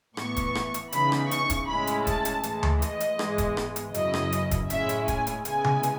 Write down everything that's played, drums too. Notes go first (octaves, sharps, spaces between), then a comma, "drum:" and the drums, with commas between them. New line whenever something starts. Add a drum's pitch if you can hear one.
A2 E3 B3 C#6, drum: rim click
drum: kick, hi-hat
drum: rim click
drum: hi-hat
C#3 E3 B3 D#4 B5, drum: hi-hat
drum: rim click
C#6, drum: hi-hat
drum: kick, hi-hat
A2 G#3 C#4 E4 B5
drum: hi-hat
A5, drum: kick, hi-hat
drum: hi-hat
A2 E3 G#3, drum: hi-hat
drum: tom D2
D#5, drum: hi-hat
drum: hi-hat
G#2 E3 G#3 B3, drum: rim click
drum: kick, hi-hat
drum: rim click
drum: hi-hat
F#2 C#3 F#3 B3 E4 D#5, drum: hi-hat
drum: rim click
drum: hi-hat
drum: kick, hi-hat
A2 G#3 C#4 E4 E5, drum: hi-hat
drum: hi-hat
G#5, drum: kick, hi-hat
drum: hi-hat
C#3 G#3 B3 E4 G#5, drum: hi-hat
drum: tom C3
drum: hi-hat